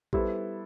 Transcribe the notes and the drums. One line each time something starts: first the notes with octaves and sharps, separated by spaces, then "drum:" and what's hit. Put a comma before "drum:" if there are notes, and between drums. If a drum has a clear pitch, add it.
G3 B3 E4 G4 A4 C5, drum: kick A1